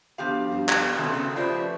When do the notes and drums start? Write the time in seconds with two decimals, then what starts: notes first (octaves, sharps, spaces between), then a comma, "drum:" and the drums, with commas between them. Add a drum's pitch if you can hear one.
0.18 F3 B3 D4 F#4 G4 F5
0.50 G2
0.69 drum: clap
0.97 B2 D#3 A3 C4 D#6
1.12 C#3
1.36 F3 A3 G4 D5 B5
1.56 B4 C#6